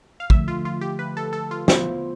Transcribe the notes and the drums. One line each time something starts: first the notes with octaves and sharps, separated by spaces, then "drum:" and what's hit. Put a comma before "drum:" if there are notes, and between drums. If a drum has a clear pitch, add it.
F5
D3 F3 A3 E5, drum: kick
F4
F4
G4
B4
A4
A4
F4
B3 E4 F4 C5, drum: snare